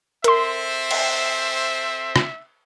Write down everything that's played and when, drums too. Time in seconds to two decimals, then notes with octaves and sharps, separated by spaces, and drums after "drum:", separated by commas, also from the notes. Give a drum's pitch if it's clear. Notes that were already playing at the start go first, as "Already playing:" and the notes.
0.24 C4 A4 A#4 C5 E5 C6, drum: hi-hat
0.91 drum: cymbal
2.16 drum: rim click